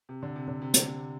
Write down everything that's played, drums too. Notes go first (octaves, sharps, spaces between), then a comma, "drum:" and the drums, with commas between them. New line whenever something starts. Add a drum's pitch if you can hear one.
C3
D3
C3
D3
C3
D3, drum: hi-hat
C3